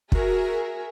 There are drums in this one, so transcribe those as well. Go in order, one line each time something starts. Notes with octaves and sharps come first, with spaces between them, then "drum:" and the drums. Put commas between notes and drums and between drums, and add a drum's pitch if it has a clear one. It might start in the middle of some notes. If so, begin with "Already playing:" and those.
F#4 G#4 A#4 E5, drum: kick